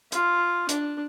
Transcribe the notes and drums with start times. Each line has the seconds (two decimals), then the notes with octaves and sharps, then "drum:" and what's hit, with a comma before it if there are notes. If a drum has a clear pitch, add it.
0.12 F4, drum: hi-hat
0.69 D4, drum: hi-hat